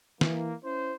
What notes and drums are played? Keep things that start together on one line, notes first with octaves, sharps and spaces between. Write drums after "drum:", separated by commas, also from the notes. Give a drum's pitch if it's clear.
E3 A#3, drum: snare
C#4 E4 C5